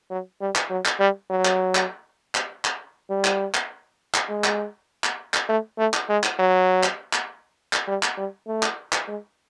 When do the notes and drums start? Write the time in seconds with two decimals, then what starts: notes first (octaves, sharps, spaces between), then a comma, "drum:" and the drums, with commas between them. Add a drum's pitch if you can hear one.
0.10 F#3
0.41 G3
0.56 drum: clap
0.70 F#3
0.85 drum: clap
1.00 G3
1.31 F#3
1.45 drum: clap
1.75 drum: clap
2.35 drum: clap
2.65 drum: clap
3.10 G3
3.25 drum: clap
3.54 drum: clap
4.14 drum: clap
4.29 G#3
4.44 drum: clap
5.04 drum: clap
5.34 drum: clap
5.49 A3
5.78 A3
5.94 drum: clap
6.09 G#3
6.24 drum: clap
6.39 F#3
6.83 drum: clap
7.13 drum: clap
7.73 drum: clap
7.88 G3
8.03 drum: clap
8.18 G3
8.47 A3
8.63 drum: clap
8.93 drum: clap
9.08 G#3